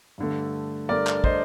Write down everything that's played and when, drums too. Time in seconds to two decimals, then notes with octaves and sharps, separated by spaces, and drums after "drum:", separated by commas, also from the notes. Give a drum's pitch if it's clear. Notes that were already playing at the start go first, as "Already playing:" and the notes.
0.18 G2 D3 A3
0.89 G2 D3 A3 A#4 D5
1.07 drum: clap
1.24 C5 D#5, drum: kick